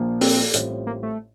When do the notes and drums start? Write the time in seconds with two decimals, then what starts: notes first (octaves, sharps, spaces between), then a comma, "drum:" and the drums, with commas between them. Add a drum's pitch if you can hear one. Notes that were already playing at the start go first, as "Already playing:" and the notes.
Already playing: A#1 A#2 F3 A#3 F4
0.21 C4, drum: open hi-hat
0.54 A1 A2 G3 C4 F4, drum: hi-hat
0.87 A#3
1.03 A3